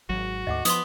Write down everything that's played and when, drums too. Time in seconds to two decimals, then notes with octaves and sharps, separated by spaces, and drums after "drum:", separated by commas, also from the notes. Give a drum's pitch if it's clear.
0.09 G#1 F#3 F#4
0.47 D2 G#2 D#5 F#5 D6
0.65 F3 B3 C6 D#6, drum: hi-hat